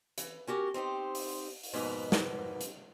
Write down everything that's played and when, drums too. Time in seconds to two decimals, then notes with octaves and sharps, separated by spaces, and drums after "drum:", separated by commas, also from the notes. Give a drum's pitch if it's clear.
0.18 E3, drum: hi-hat
0.47 C#4 F#4 G4 A#4
0.74 C4 D#4 G4 C5
1.15 drum: open hi-hat
1.63 drum: open hi-hat
1.73 F2 G#2 B2 A#3 B3 D#4
2.12 drum: snare
2.61 drum: hi-hat